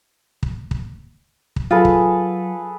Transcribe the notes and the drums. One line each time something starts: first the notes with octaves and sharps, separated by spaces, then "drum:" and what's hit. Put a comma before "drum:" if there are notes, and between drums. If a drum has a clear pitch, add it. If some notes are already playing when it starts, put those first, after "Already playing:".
drum: kick
drum: kick
drum: kick
F#3 F4 G#4 A4 B4
drum: kick